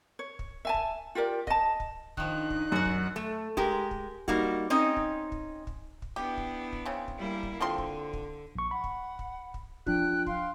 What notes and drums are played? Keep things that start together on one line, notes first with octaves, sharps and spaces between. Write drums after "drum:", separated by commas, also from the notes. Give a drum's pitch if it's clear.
C#5
drum: kick
E5 G#5 A5
drum: kick
F4 G4 A#4 D5
D#5 A5, drum: kick
drum: kick
D#3 F3 D4 D#4 F#6, drum: kick
drum: kick
F#2 F#4 F#5
drum: kick
A3
G#3 G4 A#4, drum: kick
drum: kick
G3 A#3 D#4 F#4, drum: kick
C4 C#4 D#4 D#5
drum: kick
drum: kick
drum: kick
drum: kick
B3 D4 E4 G4
drum: kick
drum: kick
C#3 C4
drum: kick
G3 A#3 E4
drum: kick
D3 F3 C4 C6
drum: kick
drum: kick
A#1 C#6
F#5 B5
drum: kick
drum: kick
drum: kick
F3 D4 F4 G5 F#6, drum: kick
F5 G5 C6, drum: kick